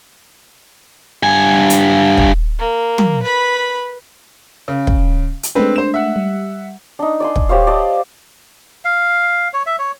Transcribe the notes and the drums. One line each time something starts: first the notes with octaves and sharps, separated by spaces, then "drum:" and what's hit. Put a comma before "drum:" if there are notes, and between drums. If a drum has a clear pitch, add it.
G2 G#5
drum: hi-hat
drum: kick
A#3
drum: tom
B4 B5
C#3
drum: kick
drum: hi-hat
G#3 A3 C4 D4 B4
C5 E7
E5 F#5
G3
D4 D#4
D5 G#5 C6
drum: kick
G4 C5 C#5 F5
D5 D#5 A5
F5
C#5
E5
C#5